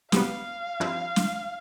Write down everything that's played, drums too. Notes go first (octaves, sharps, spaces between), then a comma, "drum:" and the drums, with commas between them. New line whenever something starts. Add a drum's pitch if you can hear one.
B2 G3 B3 F5, drum: snare
G2 F3 C4 E4
drum: snare